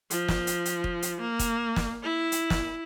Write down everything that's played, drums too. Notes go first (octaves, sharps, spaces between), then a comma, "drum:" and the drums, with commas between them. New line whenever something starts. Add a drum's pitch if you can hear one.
F3, drum: hi-hat
drum: snare
drum: hi-hat
drum: hi-hat
drum: kick F1
drum: hi-hat
A#3
drum: kick F1, hi-hat
drum: snare
E4
drum: hi-hat
drum: snare